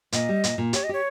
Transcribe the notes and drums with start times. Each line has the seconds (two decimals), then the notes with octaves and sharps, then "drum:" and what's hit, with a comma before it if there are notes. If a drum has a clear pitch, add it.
0.12 A#2 D#5, drum: hi-hat
0.29 G3
0.44 A#2, drum: hi-hat
0.58 A#2
0.73 G4 C#5, drum: hi-hat
0.84 D#5
0.89 G4 C#5